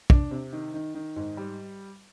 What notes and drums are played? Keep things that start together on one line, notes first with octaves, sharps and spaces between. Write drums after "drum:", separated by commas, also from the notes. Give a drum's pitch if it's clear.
D4, drum: kick
C3
D#3
D#3
D#3
G#2
G3